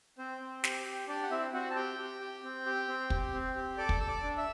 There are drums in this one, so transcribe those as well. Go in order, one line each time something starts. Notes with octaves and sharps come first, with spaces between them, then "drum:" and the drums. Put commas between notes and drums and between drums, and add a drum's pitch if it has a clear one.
C4 C5
C4
G4, drum: snare
G4
D4 G4 D5
F#5
C4 E4 E5
C4 F#4 F#5
A5
G4 G5
G4
G4
C4
G4
C4
G4, drum: kick
C4
G4
A4 D5 D6
drum: kick
A4 E6
D5 D6
D4
E5 E6